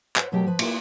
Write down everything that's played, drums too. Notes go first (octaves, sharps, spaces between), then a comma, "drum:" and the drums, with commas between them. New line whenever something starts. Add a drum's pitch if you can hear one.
B4 C5, drum: clap
B2 F#3 A3 G4 A#4 G5
F3 B4
A#3 E4 F4 G#4 A#4 B4, drum: cymbal